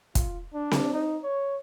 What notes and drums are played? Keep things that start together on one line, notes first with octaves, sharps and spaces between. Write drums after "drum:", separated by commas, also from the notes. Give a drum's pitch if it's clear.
F4, drum: kick, hi-hat
D4
drum: snare C4
D#4
C#5